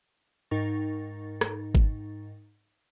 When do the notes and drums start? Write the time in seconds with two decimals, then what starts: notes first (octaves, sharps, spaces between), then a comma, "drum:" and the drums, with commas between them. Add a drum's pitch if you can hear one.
0.51 G#2 D#4 A#4 G5 C#6 A6
1.41 drum: rim click
1.75 drum: kick G#1